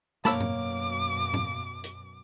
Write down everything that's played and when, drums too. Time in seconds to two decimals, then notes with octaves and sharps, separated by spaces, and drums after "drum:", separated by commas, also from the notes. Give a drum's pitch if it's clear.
0.25 F#2 B2 A#3 C#5 A5 B5 D6 E6, drum: snare
0.40 drum: tom G#2
1.34 drum: tom G#2
1.84 drum: hi-hat